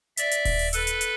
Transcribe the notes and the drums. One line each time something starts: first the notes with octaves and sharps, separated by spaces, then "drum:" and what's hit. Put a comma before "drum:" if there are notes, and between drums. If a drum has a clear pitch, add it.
D5 E5, drum: hi-hat
drum: hi-hat
drum: kick D#1, open hi-hat
drum: open hi-hat
A4 B4, drum: hi-hat
drum: hi-hat
drum: hi-hat